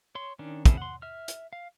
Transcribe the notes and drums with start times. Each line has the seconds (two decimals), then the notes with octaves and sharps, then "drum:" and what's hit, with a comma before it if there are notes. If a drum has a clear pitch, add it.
0.15 C#5 C6
0.39 D#3 C#4 D4
0.66 C4 C#4 E4 G#4 A4, drum: kick, hi-hat
0.77 F#5 C6
1.02 E5 F6
1.28 drum: hi-hat
1.53 F5